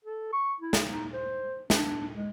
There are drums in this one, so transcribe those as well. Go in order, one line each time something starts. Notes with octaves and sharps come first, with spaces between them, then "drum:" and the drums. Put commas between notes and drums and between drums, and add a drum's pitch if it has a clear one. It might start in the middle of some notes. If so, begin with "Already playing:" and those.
A4
C#6
E4
drum: snare
D#4
C5
D4, drum: snare
G#3